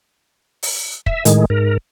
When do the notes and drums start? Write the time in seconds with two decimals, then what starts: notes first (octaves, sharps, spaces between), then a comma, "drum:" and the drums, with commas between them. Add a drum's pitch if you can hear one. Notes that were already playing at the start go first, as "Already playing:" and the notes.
0.63 drum: open hi-hat
1.06 E5, drum: kick
1.25 A2 D#3 G#3, drum: hi-hat
1.50 G#2 A#4